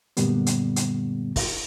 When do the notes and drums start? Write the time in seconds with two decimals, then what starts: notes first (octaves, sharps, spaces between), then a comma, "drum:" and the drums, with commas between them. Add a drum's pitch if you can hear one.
0.17 F#2 A#2 D3 G3 B3, drum: hi-hat
0.46 drum: hi-hat
0.76 drum: hi-hat
1.36 drum: kick, open hi-hat